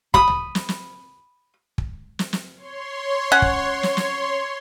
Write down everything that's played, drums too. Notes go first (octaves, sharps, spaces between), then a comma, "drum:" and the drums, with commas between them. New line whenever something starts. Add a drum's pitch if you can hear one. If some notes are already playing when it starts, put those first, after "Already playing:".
B5 D#6, drum: kick
drum: tom
drum: snare
drum: snare
drum: kick
drum: snare
drum: snare
C#5 C6
C#4 F#5
drum: kick
drum: snare
drum: snare